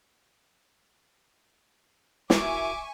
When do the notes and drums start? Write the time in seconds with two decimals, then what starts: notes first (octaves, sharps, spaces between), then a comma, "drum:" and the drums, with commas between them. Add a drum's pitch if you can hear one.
2.30 E4 F#4 A#4 E5 G#5 C#6 D6, drum: snare